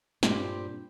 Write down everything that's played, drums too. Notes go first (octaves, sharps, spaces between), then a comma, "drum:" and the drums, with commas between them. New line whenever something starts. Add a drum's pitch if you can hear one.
G2 A#2 C4 G4, drum: snare